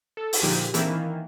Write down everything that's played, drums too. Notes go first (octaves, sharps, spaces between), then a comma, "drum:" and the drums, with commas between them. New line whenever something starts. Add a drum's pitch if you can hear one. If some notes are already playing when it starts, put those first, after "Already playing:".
A4
drum: open hi-hat
A#2 D3 D#3 F3 G#3 G4
D#3 E3 A#3 C4 D4 E4, drum: hi-hat
D#3 E3 A#3